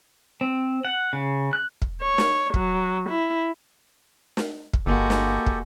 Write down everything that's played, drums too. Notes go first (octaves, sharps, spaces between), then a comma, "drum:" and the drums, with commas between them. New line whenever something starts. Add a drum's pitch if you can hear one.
C4
F#5
C#3
F#6
drum: kick
C#5
drum: snare
F#3, drum: kick
E4
drum: snare
drum: kick
G1 G#3 A#3 F#4 G4 A4
drum: snare
drum: kick